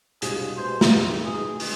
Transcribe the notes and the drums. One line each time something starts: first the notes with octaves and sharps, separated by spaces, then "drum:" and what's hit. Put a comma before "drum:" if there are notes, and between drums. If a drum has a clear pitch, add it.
C2 B2 G#3 D4 F4 G#4, drum: hi-hat
B2 G#3 B3 C5
drum: snare
D#2 D#3 G#3 C4 D#4
B2 G#3 B3 D#4 G#4
D3 G#3 B3 F4, drum: open hi-hat